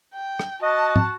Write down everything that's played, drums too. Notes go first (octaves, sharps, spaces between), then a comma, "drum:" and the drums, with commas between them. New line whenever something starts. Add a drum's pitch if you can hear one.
G5
drum: rim click
F#4 D#5 A5
drum: tom